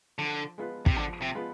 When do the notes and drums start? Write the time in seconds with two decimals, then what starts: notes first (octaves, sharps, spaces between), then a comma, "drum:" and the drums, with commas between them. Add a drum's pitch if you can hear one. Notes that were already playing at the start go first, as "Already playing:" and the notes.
0.18 D3 F3
0.58 G#3 B3 F4 B4
0.86 C3, drum: kick
0.96 D3 F3
1.22 C3
1.35 G#3 B3 F4 B4